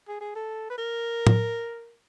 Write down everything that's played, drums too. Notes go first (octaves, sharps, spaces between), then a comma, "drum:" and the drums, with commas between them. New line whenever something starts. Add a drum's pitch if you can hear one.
G#4
G#4
A4
B4
A#4
drum: tom